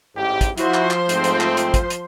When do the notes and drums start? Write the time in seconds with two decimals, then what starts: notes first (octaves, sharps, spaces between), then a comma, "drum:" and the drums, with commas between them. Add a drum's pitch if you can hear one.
0.16 A1 G#2 G4
0.41 drum: kick, hi-hat
0.58 F3 E4 F#4 C5 C6, drum: hi-hat
0.74 drum: clap
0.91 drum: clap
1.09 G#2 A3 C4, drum: hi-hat
1.24 drum: hi-hat
1.41 drum: clap
1.57 drum: hi-hat
1.74 drum: kick, hi-hat
1.90 drum: hi-hat